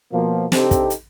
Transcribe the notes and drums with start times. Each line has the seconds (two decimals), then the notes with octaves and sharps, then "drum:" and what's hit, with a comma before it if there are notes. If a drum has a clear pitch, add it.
0.13 B2 F3 A#3
0.52 C3 C4 D4 D#4 G4 A4, drum: snare
0.71 drum: kick, hi-hat
0.90 drum: hi-hat